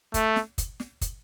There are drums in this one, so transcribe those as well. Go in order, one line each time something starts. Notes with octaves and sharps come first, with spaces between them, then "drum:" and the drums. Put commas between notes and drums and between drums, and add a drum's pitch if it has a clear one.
A3, drum: kick, hi-hat
drum: snare
drum: kick, hi-hat
drum: snare
drum: kick, hi-hat